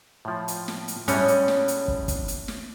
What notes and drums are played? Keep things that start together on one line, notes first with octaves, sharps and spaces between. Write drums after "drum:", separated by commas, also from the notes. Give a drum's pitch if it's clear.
A2 F3
drum: hi-hat
drum: snare
drum: hi-hat
A2 G3 G#3 C#4, drum: hi-hat
drum: hi-hat
drum: snare
drum: hi-hat
drum: kick
drum: kick, hi-hat
drum: hi-hat
drum: snare